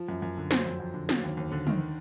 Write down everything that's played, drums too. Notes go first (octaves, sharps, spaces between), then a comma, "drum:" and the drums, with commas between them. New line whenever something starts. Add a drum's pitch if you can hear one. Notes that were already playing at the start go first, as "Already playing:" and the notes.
Already playing: F3
F#2
F#2
D3
F#3 C5, drum: snare
F2
F2
D3
F#3, drum: snare
D#2
D#2
D3
D#3, drum: tom